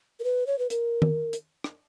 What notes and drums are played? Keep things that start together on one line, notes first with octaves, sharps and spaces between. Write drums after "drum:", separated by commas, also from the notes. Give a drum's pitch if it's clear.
A#4
B4
C#5
B4
A#4, drum: hi-hat
drum: tom
drum: hi-hat
drum: rim click